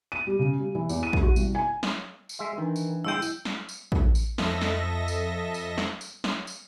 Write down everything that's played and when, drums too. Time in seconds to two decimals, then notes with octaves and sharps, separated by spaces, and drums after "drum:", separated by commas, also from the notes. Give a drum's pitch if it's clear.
0.12 D#7
0.27 G3
0.39 C#3
0.60 G3
0.75 E3
0.89 E2, drum: tambourine
1.03 D#7
1.13 drum: kick
1.23 F#4
1.36 C2, drum: tambourine
1.55 G#5
1.83 drum: snare
2.29 drum: tambourine
2.39 G#3 E5 C6
2.58 D#3 E3 D4 D#4
2.76 drum: tambourine
3.05 G1 G#3 E4 G5 E6 G6 D7
3.22 drum: tambourine
3.45 drum: snare
3.69 drum: tambourine
3.92 drum: kick
4.15 drum: tambourine
4.38 F2 A4 D#5 E5 A#6, drum: snare
4.61 drum: snare
5.08 drum: tambourine
5.54 drum: tambourine
5.78 drum: snare
6.01 drum: tambourine
6.24 drum: snare
6.47 drum: tambourine